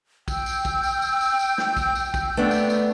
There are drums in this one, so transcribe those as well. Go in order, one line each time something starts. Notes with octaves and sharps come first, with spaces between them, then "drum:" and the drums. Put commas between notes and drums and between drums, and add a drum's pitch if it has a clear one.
G5 E6 G6, drum: kick, tambourine
drum: tambourine
drum: kick, tambourine
drum: tambourine
drum: tambourine
drum: tambourine
drum: tambourine
drum: snare
drum: kick, tambourine
drum: tambourine
drum: kick, tambourine
A3 B3 D4
drum: tambourine
drum: tambourine